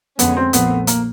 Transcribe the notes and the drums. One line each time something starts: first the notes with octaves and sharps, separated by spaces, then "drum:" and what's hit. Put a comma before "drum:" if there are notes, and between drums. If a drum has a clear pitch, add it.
F2 D3 F3 G#3 B3 C#4, drum: hi-hat
C4
A#1 A#2 F3 A3 B3 C4, drum: hi-hat
A#3, drum: hi-hat